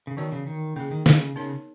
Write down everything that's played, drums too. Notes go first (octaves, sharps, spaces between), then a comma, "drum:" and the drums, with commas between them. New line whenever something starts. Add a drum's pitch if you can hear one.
C#3
D#3 E3 B3 F#4 A#4 C#5
C#3
D#3
C#3 A#3 E4 G#4
D#3
C#3, drum: snare
C#3 B3 D#4 A#4 C#5